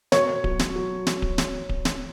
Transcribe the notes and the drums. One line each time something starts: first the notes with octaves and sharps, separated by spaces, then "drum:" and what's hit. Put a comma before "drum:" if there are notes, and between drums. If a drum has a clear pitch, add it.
B2 C#5, drum: snare
F#3, drum: kick D1
drum: snare
F#3
drum: snare
drum: kick D1
drum: snare
drum: kick D1
drum: snare